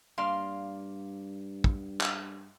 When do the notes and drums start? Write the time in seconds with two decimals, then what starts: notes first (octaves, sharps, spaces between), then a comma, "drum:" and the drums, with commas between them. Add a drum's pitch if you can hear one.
0.18 G2 A#3 D5 F5 C6
1.64 drum: kick
2.01 drum: clap